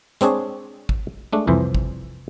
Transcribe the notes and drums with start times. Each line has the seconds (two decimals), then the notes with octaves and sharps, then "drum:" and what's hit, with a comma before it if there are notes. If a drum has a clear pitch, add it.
0.21 G#3 C4 D4 G#4 C#5, drum: hi-hat
0.89 drum: kick
1.33 G#3 A3 D4
1.47 C2 F2 E3 C5
1.74 drum: kick